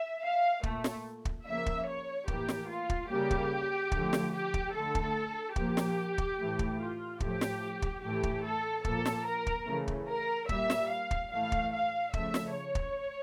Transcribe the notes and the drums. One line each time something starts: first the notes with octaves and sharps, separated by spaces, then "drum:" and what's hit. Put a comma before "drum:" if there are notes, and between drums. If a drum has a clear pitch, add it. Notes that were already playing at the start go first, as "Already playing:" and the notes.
Already playing: E5
F5
A#2 A3, drum: kick
drum: snare
drum: kick
C#3 F3 A#3 E5
drum: kick
C#5
A2 E3 A#3 G4, drum: kick
drum: snare
F4
drum: kick
C#3 G3 A#3 G4
drum: kick
D3 F3 A3, drum: kick
drum: snare
G4
drum: kick
D3 A3 A4
drum: kick
A#2 F3 A#3 G4, drum: kick
drum: snare
drum: kick
A2 E3 A3
drum: kick
F4
A2 F3 A3 G4, drum: kick
drum: snare
drum: kick
A2 E3 A3 G4
drum: kick
A4
A#2 F3 A#3 A4, drum: kick
drum: snare
A#4
drum: kick
C#3 E3 A3
drum: kick
A#4
A#2 G3 A#3 E5, drum: kick
drum: snare
F5
drum: kick
A2 E3 A3 F5
drum: kick
F5
C#3 F3 A3 E5, drum: kick
drum: snare
C#5
drum: kick